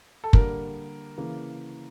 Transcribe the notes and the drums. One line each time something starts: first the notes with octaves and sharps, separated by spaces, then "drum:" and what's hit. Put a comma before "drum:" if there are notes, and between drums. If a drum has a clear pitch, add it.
A4
D3 G3 A#3 A#4, drum: kick
C#3 E3 A#3